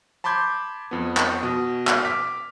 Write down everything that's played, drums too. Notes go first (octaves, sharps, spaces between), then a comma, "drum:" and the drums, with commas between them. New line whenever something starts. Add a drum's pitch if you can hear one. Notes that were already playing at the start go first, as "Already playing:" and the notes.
A5 B5 C6 D6 G6 G#6
F2 B3
drum: clap
B2 D#6
drum: clap
D6 F6 B6